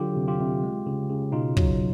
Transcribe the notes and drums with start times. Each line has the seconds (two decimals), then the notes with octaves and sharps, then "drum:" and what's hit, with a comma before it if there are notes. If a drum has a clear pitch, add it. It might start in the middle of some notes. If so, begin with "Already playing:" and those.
Already playing: D3 F#3 F4 G4
0.16 C3
0.28 F4 G4
0.40 C3
0.63 G#3
0.86 C#3
1.10 C#3
1.32 B2 D#4 F4
1.57 F#3, drum: kick